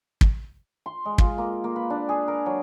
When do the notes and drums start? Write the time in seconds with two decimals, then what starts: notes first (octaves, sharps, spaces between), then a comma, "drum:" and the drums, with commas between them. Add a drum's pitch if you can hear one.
0.21 drum: kick
0.86 C6
1.05 G#3
1.18 F4, drum: kick
1.38 A#3
1.64 A#3
1.76 B4
1.90 D4
2.09 G#4
2.28 A#4
2.46 F#3